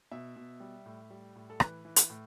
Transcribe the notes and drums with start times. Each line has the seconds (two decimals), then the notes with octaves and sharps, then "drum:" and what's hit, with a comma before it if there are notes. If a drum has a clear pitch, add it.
0.11 B2 E5
0.36 B2
0.60 G3
0.86 A2
1.11 G3
1.36 A2
1.50 A4
1.60 E3 B4, drum: rim click
1.85 E3
1.96 drum: hi-hat
2.10 A2